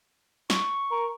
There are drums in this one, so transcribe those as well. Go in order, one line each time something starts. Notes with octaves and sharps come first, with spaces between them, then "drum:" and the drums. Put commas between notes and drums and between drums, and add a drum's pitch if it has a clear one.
C#6, drum: snare
A#4